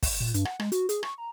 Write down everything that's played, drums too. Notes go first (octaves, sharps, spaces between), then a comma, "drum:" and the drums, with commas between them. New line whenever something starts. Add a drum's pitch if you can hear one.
drum: kick, open hi-hat
A#2
G2, drum: hi-hat
F#5, drum: rim click
G#3, drum: rim click
F#4, drum: hi-hat
G#4, drum: hi-hat
C#6, drum: rim click
A#5